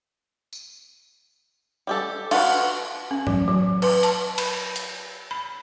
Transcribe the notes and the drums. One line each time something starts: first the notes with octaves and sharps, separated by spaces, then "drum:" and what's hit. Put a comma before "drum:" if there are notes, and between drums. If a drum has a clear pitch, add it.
drum: tambourine
G3 G4 A4
F4 F#4 B4, drum: cymbal
C#4
F#3, drum: tom
F#3
B4, drum: cymbal
A5, drum: hi-hat
B5, drum: cymbal
drum: hi-hat
B5